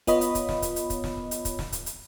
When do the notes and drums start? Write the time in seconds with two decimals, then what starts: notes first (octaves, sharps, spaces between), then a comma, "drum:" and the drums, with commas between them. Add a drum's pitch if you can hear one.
0.07 B3 F4 C#5 D#5 B5, drum: kick, hi-hat
0.21 drum: hi-hat
0.35 drum: kick, hi-hat
0.49 drum: snare
0.62 drum: kick, hi-hat
0.76 drum: hi-hat
0.90 drum: kick, hi-hat
1.04 drum: snare
1.17 drum: kick
1.31 drum: hi-hat
1.45 drum: kick, hi-hat
1.59 drum: snare
1.72 drum: kick, hi-hat
1.86 drum: hi-hat